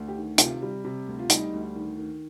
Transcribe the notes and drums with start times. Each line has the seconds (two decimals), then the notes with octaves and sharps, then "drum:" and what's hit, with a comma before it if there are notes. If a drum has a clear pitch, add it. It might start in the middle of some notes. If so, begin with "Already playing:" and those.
Already playing: D2
0.08 G4
0.16 D#3
0.38 C3 F4, drum: hi-hat
0.62 G3
0.84 C3
1.07 D2
1.19 F4
1.30 G3 D#4, drum: hi-hat
1.53 D2
1.76 D#3
1.98 D#3